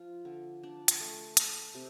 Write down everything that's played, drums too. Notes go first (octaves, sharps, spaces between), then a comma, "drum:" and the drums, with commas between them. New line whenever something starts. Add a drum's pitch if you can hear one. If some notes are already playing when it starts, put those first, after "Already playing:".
Already playing: F3 F4
D3
D4
drum: hi-hat
A3
A4, drum: hi-hat
C3